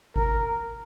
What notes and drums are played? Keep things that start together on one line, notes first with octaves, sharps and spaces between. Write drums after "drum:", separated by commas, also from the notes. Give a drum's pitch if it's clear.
A#4, drum: kick G#1